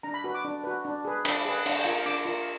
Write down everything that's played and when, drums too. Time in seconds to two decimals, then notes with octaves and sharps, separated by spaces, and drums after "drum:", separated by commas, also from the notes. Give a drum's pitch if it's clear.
0.03 D4 A#5
0.14 B5
0.24 F#4 B4
0.34 D6
0.45 D4
0.64 F#4 B4
0.85 D4
1.05 G#4 B4
1.25 D4 B5, drum: cymbal
1.45 G#4 B4
1.66 D4, drum: cymbal
1.85 F4 A#4
2.06 D4 D6
2.25 F4 A#4